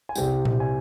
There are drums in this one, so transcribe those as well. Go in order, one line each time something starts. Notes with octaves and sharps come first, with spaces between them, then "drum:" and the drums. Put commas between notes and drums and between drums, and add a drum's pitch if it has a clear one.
G#5
C2 C3 G3 G5, drum: tambourine
drum: tom A#2
G#5